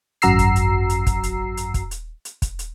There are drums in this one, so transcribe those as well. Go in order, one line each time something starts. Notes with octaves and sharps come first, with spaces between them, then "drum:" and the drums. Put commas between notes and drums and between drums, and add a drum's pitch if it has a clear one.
G#1 F#2 F#4 A#5 E6 C7, drum: hi-hat
drum: kick, hi-hat
drum: hi-hat
drum: hi-hat
drum: kick, hi-hat
drum: hi-hat
drum: hi-hat
drum: kick, hi-hat
drum: hi-hat
drum: hi-hat
drum: kick, hi-hat
drum: hi-hat